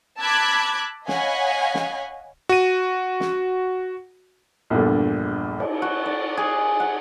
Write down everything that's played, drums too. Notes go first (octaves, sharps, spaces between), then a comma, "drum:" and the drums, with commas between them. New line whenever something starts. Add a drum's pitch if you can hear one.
A5 B5 D6 E6 F#6 G#6
C#5 D#5 F5 F#5 G#5 B5, drum: snare
drum: snare
F#4 D#7
drum: snare
A#1 E2 G2 D3
drum: cymbal
F#4
D5
G#4
F#5